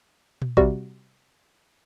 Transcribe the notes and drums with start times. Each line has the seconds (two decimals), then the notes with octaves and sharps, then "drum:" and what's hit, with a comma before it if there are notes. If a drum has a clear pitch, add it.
0.42 drum: tom A#2
0.57 C3 G3 F#4, drum: kick